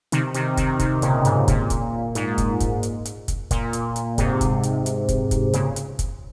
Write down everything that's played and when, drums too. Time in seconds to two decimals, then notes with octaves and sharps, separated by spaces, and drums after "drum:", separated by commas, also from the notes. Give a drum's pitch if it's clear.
0.12 C3 D#3, drum: hi-hat
0.34 C3 D#3, drum: hi-hat
0.57 C3 D#3, drum: kick, hi-hat
0.79 C3 D#3, drum: kick, hi-hat
1.02 A#2 C#3, drum: hi-hat
1.25 G#2 C3, drum: hi-hat
1.48 A#2, drum: kick, hi-hat
1.70 drum: kick, hi-hat
2.15 G#2, drum: hi-hat
2.38 drum: kick, hi-hat
2.60 drum: kick, hi-hat
2.83 drum: hi-hat
3.05 drum: hi-hat
3.28 drum: kick, hi-hat
3.51 A#2, drum: kick, hi-hat
3.73 drum: hi-hat
3.96 drum: hi-hat
4.18 G#2 C3, drum: kick, hi-hat
4.41 drum: kick, hi-hat
4.63 drum: hi-hat
4.86 drum: hi-hat
5.09 drum: kick, hi-hat
5.31 drum: kick, hi-hat
5.53 A#2 C#3, drum: hi-hat
5.76 drum: hi-hat
5.99 drum: kick, hi-hat